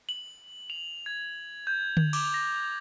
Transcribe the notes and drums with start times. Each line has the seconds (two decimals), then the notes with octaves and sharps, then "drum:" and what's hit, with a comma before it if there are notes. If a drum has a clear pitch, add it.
0.09 F#7
0.70 F7
1.06 G#6
1.67 G6
1.97 drum: tom D3
2.13 D6, drum: cymbal
2.34 A#6